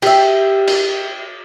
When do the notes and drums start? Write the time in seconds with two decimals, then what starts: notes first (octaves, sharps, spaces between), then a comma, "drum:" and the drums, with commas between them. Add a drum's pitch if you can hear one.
0.02 G4 E5, drum: cymbal
0.67 drum: cymbal